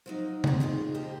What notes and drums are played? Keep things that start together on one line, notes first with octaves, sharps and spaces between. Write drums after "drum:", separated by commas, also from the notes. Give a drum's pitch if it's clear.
F3 F#3 D#4
B3 C4, drum: tom
D#4 F4 G#4 C5
F2 D3 A#3 G4 D#5 A5